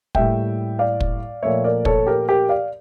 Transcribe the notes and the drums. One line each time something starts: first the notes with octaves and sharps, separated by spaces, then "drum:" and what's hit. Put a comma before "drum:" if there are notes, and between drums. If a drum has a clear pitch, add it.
A2 G3 A#3 E5 G5, drum: kick
D5 F5
drum: kick
A#2 F3 A3 C#5 E5
A#4 D5
A4 C#5, drum: kick
G4 A#4
G4 A#4
D5 F5